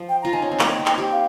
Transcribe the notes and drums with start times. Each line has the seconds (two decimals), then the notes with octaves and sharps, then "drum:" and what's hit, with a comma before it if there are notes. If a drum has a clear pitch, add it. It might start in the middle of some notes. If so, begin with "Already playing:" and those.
Already playing: F3
0.09 G5
0.22 F4 A#5
0.33 D#4 G#5
0.42 C#4
0.52 C4
0.59 A#3 A#5, drum: clap
0.79 C4
0.86 G5, drum: clap
0.98 G4
1.12 F5